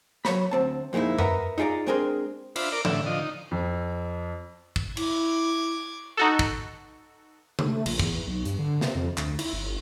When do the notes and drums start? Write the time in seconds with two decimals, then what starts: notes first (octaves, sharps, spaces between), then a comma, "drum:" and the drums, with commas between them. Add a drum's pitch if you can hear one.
0.25 F#3 C#5 B5, drum: snare
0.51 D2 C4 A5
0.93 F2 A#2 G#3 D#4 E4
1.19 A#4 B4 D#5 E5 F#5 A#5, drum: tom F#2
1.58 D#4 F4 G#4 D5 A#5
1.86 G#3 C4 D4 G#4 A#4 C6
2.56 D4 F4 C5 E5 B5, drum: cymbal
2.72 A#4 D5 D6
2.85 A2 D3 E5, drum: tom E3
3.06 D3 F3 D#5
3.20 D#4
3.51 F2
4.76 drum: kick
4.97 E4 D6 G#6, drum: cymbal
6.17 D#4 F#4 A4
6.39 drum: kick
7.59 drum: tom C3
7.68 A3
7.86 A#1, drum: cymbal
8.00 E2, drum: kick
8.27 B1
8.45 G2, drum: hi-hat
8.59 D3
8.81 C3, drum: snare
8.95 F2
9.18 D2, drum: clap
9.39 E4, drum: cymbal
9.53 G1